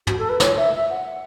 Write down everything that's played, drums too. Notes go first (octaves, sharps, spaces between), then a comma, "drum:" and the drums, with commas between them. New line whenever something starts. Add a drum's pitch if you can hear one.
F#4, drum: tom
A4
B4
C#5, drum: snare
E5
E5
F#5